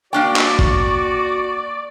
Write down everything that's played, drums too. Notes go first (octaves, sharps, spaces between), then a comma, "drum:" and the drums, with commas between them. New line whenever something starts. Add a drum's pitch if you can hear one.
A#3 D4 F#4 D5 G5 C#6
drum: clap
drum: kick G#1